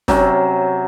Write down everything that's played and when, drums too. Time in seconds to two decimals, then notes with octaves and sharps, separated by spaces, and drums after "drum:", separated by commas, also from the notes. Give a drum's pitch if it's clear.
0.08 C3 F#3 C#4, drum: snare